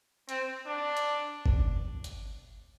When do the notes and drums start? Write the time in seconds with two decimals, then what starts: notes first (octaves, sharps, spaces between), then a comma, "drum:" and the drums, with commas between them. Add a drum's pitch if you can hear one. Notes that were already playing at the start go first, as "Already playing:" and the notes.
0.29 C4, drum: hi-hat
0.67 D4
0.97 drum: hi-hat
1.46 drum: kick G1
2.04 drum: hi-hat